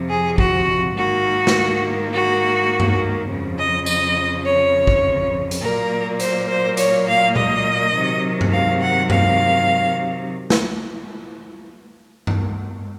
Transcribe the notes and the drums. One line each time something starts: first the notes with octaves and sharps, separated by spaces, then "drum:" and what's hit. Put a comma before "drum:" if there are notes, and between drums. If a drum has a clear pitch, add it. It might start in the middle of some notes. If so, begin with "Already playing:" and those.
Already playing: F2 C3 F3
G#4
F#4, drum: kick A1
G#2 D#3 A#3 F#4
drum: snare
F#4
drum: tom G2
F2 C#3 F3
D#5
D#5, drum: tambourine
C#5
drum: kick A1
drum: hi-hat
A#2 F#3 A#3 A#4
C5, drum: hi-hat
C5
C#5, drum: hi-hat
F5
D#5, drum: tom A#2
C3 D#3 F#3
drum: tom G2
F5
F#5
F5, drum: tom G2
drum: snare
drum: tom G2